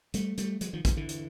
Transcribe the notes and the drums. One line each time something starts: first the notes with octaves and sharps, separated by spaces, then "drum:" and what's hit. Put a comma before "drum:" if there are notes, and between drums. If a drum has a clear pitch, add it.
G3 A3, drum: hi-hat
G3 A3, drum: hi-hat
F#3 G#3, drum: hi-hat
D#3 F3
D#3 F3, drum: kick A#1, hi-hat
D3 E3
drum: hi-hat